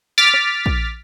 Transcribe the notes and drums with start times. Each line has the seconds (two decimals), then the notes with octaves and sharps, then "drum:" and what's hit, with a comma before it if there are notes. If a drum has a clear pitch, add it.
0.18 D6 F6 A6 B6
0.34 drum: rim click
0.66 drum: kick A#1